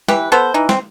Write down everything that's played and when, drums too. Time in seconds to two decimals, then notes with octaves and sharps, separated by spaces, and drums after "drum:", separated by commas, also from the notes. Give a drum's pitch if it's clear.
0.08 E3 G4 B4, drum: snare
0.32 B3 A4 C5
0.54 E3 D#4
0.69 C4, drum: snare